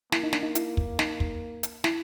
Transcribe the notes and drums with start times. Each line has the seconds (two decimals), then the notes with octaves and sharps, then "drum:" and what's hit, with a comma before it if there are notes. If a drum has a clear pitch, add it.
0.12 A#3 E4, drum: snare
0.23 D#4
0.33 D4, drum: snare
0.43 D#4
0.55 E4, drum: hi-hat
0.77 drum: kick
0.99 D#4, drum: snare
1.20 drum: kick
1.63 drum: hi-hat
1.84 E4, drum: snare